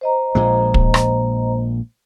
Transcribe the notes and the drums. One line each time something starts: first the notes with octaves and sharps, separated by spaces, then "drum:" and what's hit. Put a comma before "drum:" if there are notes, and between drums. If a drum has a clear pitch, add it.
C5 D#5 A#5
A#1 A#2 G#3
drum: kick
drum: rim click